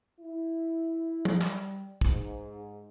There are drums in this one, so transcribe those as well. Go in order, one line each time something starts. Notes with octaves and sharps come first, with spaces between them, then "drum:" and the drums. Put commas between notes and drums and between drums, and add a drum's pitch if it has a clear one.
E4
G3, drum: tom
drum: clap
G#2, drum: kick